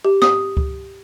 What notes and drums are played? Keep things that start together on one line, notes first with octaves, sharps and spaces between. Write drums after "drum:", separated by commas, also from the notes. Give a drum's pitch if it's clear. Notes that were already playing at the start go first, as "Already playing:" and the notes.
G4
D#6, drum: snare
drum: kick C#2